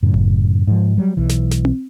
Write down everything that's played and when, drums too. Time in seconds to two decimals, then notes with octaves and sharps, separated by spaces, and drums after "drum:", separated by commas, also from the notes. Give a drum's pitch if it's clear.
0.03 F#2 A2 C#3
0.14 drum: kick G1
0.67 G#2 F3
0.98 F#3 G3
1.17 B1 E3
1.29 drum: snare
1.51 drum: snare
1.65 drum: tom C4